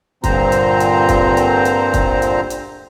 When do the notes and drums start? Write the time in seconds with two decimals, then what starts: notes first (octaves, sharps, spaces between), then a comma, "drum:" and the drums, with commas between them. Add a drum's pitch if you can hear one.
0.24 G2 A#2 D3 C4 C5 A#5, drum: kick, hi-hat
0.52 drum: hi-hat
0.80 drum: hi-hat
1.09 drum: kick, hi-hat
1.37 drum: hi-hat
1.65 drum: hi-hat
1.94 drum: kick, hi-hat
2.22 drum: hi-hat
2.50 drum: hi-hat